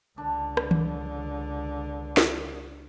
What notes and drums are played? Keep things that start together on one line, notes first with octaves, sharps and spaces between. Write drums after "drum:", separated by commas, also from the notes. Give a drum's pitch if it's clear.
C#2 D3 D4
drum: rim click
drum: tom D#3
drum: snare